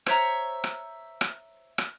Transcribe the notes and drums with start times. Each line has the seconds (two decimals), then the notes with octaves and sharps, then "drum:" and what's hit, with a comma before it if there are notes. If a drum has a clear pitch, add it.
0.06 C5 C#5 E5 A#5, drum: rim click
0.64 drum: rim click
1.21 drum: rim click
1.78 drum: rim click